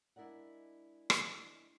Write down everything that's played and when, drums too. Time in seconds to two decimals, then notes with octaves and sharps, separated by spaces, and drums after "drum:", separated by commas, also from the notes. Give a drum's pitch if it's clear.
0.16 G#3 D4 E4 A#4 D5 F#5
1.10 drum: rim click